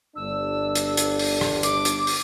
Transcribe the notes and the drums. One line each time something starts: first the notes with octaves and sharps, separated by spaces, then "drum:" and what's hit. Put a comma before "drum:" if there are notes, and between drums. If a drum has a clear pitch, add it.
G1 D4 E6
drum: hi-hat
drum: hi-hat
drum: open hi-hat
drum: rim click
D6, drum: hi-hat
drum: hi-hat
drum: open hi-hat